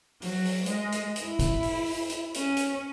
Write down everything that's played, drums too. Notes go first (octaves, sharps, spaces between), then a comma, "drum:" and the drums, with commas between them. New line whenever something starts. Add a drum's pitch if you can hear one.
F#3, drum: open hi-hat
drum: open hi-hat
G#3, drum: hi-hat
drum: hi-hat
drum: hi-hat
E4
drum: kick, hi-hat
drum: open hi-hat
drum: open hi-hat
drum: hi-hat
C#4, drum: hi-hat
drum: hi-hat